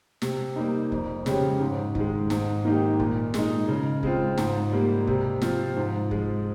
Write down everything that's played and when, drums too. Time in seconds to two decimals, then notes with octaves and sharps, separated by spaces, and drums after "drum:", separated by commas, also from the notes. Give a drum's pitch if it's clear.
0.22 C3, drum: snare
0.56 G3 A#3 D#4
0.92 F2, drum: kick F1
1.26 C#3 G#3 C#4 G4, drum: snare
1.61 G#2
1.95 D#3 G#3, drum: kick F1
2.30 G#2, drum: snare
2.65 D#3 A#3 D#4 G4
3.00 A#2, drum: kick F1
3.34 G#3 D#4, drum: snare
3.68 C#3
4.03 G#3 C4 F4, drum: kick F1
4.38 G#2, drum: snare
4.72 G3 A#3
5.07 C3, drum: kick F1
5.42 F3 C4 F4, drum: snare
5.76 G#2
6.11 F3 G#3, drum: kick F1